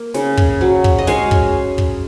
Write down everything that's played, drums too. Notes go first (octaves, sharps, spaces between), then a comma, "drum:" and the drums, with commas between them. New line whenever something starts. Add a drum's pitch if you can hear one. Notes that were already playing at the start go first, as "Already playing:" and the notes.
Already playing: A#3
C#3, drum: snare
drum: kick
F#3
drum: kick
D#5
G#3 C#5 F5, drum: snare
drum: kick
drum: kick